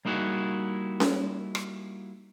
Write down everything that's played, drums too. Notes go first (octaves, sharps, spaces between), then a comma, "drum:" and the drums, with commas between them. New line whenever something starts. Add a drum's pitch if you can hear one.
G3 A#3 D#4 E4 F#4 G#4
drum: snare C#4
drum: rim click